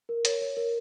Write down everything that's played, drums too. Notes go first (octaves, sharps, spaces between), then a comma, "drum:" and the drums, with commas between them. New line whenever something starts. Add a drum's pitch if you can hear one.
A#4
C#5, drum: hi-hat
C#5
A#4